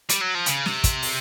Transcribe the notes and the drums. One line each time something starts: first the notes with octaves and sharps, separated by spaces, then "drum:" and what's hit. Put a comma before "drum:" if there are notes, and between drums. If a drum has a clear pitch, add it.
G3, drum: hi-hat
F#3
F3
C#3, drum: hi-hat
C3, drum: snare
drum: kick, hi-hat
drum: open hi-hat